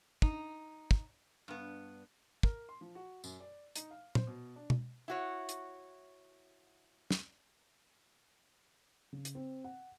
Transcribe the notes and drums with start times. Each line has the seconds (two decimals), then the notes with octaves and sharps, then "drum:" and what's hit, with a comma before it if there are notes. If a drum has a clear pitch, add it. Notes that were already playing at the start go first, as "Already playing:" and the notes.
0.22 D#4, drum: kick
0.91 drum: kick
1.48 G2 B3
2.43 A#4, drum: kick
2.69 C6
2.81 F3
2.95 F#4
3.24 F#2, drum: tambourine
3.40 D5
3.76 D#4, drum: hi-hat
3.91 F5
4.15 C5, drum: tom A#2
4.27 B2
4.56 D4
4.70 drum: tom B2
5.08 E4 F#4 C#5
5.49 drum: hi-hat
7.11 drum: snare
9.13 C#3
9.25 drum: hi-hat
9.35 C4
9.64 F#5